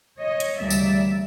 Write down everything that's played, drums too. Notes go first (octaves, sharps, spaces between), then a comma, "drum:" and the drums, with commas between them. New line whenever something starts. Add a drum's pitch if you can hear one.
C#5 D#5
drum: hi-hat
D2 C#3 E3 G3 A#3 D5 E5
drum: tambourine